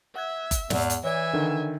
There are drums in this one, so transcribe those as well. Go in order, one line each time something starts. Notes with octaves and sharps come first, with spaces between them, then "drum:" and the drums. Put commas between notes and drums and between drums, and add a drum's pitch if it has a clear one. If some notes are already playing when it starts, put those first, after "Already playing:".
E5 F#5 F#6 G#6
drum: kick F#1, hi-hat
E2 G#2 D5, drum: snare
drum: hi-hat
E3 C#5 D5 E5 G#5
D3 D#3